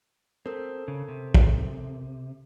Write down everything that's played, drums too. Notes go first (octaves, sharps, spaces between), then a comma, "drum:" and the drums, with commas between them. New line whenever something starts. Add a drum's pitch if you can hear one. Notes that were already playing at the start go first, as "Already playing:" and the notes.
C4 A4 A#4
C#3
C3
drum: kick